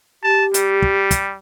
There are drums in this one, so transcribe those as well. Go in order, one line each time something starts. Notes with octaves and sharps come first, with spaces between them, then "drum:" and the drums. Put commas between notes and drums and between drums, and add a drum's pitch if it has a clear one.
G4 A5
G3, drum: hi-hat
drum: kick
drum: kick, hi-hat